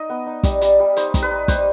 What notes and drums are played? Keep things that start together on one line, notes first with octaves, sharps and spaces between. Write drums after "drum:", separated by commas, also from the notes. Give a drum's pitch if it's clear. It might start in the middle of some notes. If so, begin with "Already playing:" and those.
Already playing: D#4 D#5
B3
D#4
G3, drum: kick, hi-hat
G3, drum: hi-hat
G3
D#4 C5, drum: hi-hat
D#4, drum: kick, hi-hat
B4
D#4
G3 C5, drum: kick, hi-hat